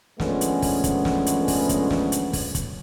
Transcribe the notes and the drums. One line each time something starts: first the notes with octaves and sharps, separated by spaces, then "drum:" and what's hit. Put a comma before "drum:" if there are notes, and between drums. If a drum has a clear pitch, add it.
F3 G#3 A3 B3 C#4 D4, drum: snare
drum: hi-hat
drum: kick, open hi-hat
drum: kick, hi-hat
drum: snare
drum: hi-hat
drum: kick, open hi-hat
drum: kick, hi-hat
drum: snare
drum: hi-hat
drum: kick, open hi-hat
drum: kick, hi-hat